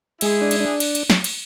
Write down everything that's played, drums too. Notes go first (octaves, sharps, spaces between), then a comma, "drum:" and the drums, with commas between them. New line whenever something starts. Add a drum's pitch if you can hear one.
G#3 E4 G#4, drum: cymbal
D4
drum: cymbal
D4
drum: cymbal
drum: cymbal
drum: snare
drum: cymbal